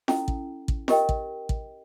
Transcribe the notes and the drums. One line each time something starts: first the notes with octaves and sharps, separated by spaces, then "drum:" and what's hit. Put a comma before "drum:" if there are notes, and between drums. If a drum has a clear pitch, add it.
C#4 E4 A4, drum: snare
drum: kick
drum: kick
G4 A#4 D#5 G5, drum: snare
drum: kick
drum: kick